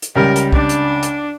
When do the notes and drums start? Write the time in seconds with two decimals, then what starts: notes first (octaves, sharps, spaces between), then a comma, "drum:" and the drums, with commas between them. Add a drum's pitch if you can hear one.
0.02 drum: hi-hat
0.16 C#2 G3 A#4
0.36 drum: hi-hat
0.53 D4, drum: kick
0.69 drum: hi-hat
1.03 drum: hi-hat